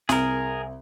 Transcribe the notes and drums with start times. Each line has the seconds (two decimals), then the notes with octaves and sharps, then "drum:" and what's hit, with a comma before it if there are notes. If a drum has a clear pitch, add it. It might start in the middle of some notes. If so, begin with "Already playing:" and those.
0.09 C2 G#4 A#4, drum: snare